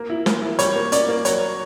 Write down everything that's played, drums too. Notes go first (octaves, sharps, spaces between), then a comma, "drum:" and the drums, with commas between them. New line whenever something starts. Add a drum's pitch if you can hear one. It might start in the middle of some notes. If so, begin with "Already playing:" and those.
Already playing: A#3
E4
A#3, drum: snare
E4
G3 C#5, drum: hi-hat
A#3
C#4 D5, drum: hi-hat
A#3
F#3 C#5, drum: hi-hat